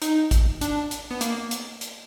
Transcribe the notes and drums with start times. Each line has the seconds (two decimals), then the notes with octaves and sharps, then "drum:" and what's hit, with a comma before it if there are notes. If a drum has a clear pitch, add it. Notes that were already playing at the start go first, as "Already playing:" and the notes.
0.02 D#4, drum: hi-hat
0.31 drum: kick A1, hi-hat
0.61 D4, drum: hi-hat
0.91 drum: hi-hat
1.11 B3
1.21 A#3, drum: hi-hat
1.51 drum: hi-hat
1.81 drum: hi-hat